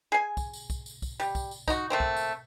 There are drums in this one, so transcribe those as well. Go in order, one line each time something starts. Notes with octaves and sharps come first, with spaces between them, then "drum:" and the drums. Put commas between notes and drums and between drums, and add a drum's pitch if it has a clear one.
G#4 G#5
drum: kick, tambourine
drum: tambourine
drum: kick, tambourine
drum: tambourine
drum: kick, tambourine
G3, drum: tambourine
drum: kick, tambourine
drum: tambourine
D#4 F#4, drum: kick, tambourine
A3 A#3 C4
drum: kick
drum: tambourine